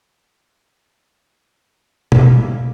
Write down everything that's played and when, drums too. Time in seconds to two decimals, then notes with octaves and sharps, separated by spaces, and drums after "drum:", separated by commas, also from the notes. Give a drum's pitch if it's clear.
2.12 G3 A#3 E5, drum: tom